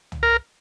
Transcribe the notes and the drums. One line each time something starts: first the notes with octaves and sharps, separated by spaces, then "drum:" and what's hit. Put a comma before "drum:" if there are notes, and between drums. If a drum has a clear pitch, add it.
drum: tom
A#4